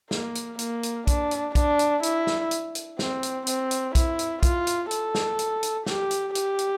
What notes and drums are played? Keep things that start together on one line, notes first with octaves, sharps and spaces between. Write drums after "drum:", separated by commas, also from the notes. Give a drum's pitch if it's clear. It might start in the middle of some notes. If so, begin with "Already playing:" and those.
A#3, drum: snare
drum: hi-hat
A#3, drum: hi-hat
drum: hi-hat
D4, drum: kick, hi-hat
drum: hi-hat
D4, drum: kick, hi-hat
drum: hi-hat
E4, drum: hi-hat
drum: snare
drum: hi-hat
drum: hi-hat
C4, drum: snare
drum: hi-hat
C4, drum: hi-hat
drum: hi-hat
E4, drum: kick, hi-hat
drum: hi-hat
F4, drum: kick, hi-hat
drum: hi-hat
A4, drum: hi-hat
drum: snare
drum: hi-hat
drum: hi-hat
G4, drum: snare
drum: hi-hat
G4, drum: hi-hat
drum: hi-hat